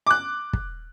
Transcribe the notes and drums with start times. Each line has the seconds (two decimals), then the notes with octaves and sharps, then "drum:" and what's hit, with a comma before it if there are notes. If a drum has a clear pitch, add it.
0.07 D6 F#6
0.53 drum: kick